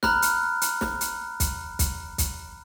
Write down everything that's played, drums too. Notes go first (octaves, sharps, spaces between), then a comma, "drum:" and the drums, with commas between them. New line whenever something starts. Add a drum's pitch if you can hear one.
A#5 B5 F6 F#6, drum: snare
drum: hi-hat
drum: hi-hat
drum: snare
drum: hi-hat
drum: kick, hi-hat
drum: kick, hi-hat
drum: kick, hi-hat